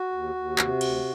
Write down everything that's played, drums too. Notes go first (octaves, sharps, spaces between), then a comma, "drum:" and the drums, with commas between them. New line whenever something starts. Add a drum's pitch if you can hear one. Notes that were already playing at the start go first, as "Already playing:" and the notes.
Already playing: F#4
D#2
D#2
C3, drum: clap
D2, drum: cymbal